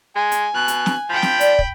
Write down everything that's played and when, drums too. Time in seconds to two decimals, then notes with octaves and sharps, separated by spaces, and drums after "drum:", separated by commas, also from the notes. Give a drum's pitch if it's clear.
0.16 G#3 G#5
0.32 drum: hi-hat
0.55 B2 F#6
0.68 drum: hi-hat
0.86 drum: snare
1.10 F3 G5 B5
1.22 drum: snare
1.40 D5, drum: hi-hat
1.59 drum: kick